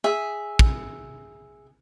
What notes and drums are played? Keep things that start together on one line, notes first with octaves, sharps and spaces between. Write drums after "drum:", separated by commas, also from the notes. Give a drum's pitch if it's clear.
G#4 E5
drum: kick